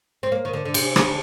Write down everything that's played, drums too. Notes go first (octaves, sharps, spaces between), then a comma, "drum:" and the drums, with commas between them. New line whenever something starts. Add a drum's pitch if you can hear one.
C4
A#3
D#3
D3
D3
C3, drum: cymbal
D3, drum: rim click